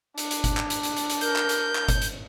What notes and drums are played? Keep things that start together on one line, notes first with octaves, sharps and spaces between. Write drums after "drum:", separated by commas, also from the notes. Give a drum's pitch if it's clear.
D4, drum: hi-hat
drum: hi-hat
drum: kick G1, hi-hat
drum: clap
drum: hi-hat
drum: hi-hat
drum: hi-hat
drum: hi-hat
A#4 G6, drum: hi-hat
drum: clap
drum: hi-hat
drum: clap
drum: kick G1, hi-hat
drum: hi-hat